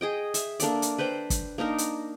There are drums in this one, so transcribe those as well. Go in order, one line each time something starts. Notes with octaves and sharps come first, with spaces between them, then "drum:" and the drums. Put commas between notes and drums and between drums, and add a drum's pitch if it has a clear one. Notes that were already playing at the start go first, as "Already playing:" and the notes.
G#4 D#5 G5
E5, drum: hi-hat
A#3 D4 A4 D5, drum: hi-hat
drum: hi-hat
B4 C5 D5 G5
drum: kick, hi-hat
A#3 D4 D#4 A#4
drum: hi-hat